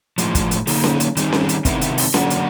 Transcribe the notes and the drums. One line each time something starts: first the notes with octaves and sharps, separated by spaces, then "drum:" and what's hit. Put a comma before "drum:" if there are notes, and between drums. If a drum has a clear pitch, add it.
A2 F3 G#3, drum: hi-hat
drum: kick, hi-hat
drum: hi-hat
D3 F#3 A#3 D#4 G#4, drum: open hi-hat
drum: snare C#4
drum: hi-hat
D#3 G3 C4 D#4 G#4, drum: hi-hat
drum: snare C#4
drum: hi-hat
C3 D#3 G#3 B3 E4, drum: kick, hi-hat
drum: hi-hat
drum: open hi-hat
D3 F#3 A#3 D4 F#4, drum: snare C#4
drum: hi-hat